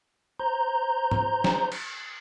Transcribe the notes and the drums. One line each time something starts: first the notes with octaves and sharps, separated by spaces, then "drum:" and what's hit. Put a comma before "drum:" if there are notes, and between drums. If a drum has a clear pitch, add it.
C5 A#5 G6
drum: tom G#2
drum: snare
drum: cymbal